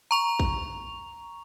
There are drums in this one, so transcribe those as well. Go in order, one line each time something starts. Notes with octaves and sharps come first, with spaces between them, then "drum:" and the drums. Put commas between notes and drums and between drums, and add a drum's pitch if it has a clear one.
A#5 C#6 F7
drum: kick